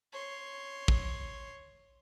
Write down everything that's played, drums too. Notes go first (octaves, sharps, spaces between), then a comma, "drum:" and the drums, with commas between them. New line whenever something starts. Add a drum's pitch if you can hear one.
C#5 C6
drum: kick